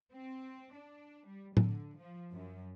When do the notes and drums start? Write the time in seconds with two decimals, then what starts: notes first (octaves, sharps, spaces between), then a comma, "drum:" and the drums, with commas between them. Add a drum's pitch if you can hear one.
0.12 C4
0.73 D4
1.27 G3
1.57 D3, drum: tom A2
1.98 F3
2.32 F#2